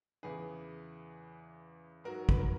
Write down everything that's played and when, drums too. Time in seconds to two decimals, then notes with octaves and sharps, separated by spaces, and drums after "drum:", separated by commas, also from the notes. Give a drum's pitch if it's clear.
0.23 E2 C#3 E3 G#4 B4
2.04 G#2 F#3 F#4 A#4
2.29 B4, drum: kick
2.39 A#4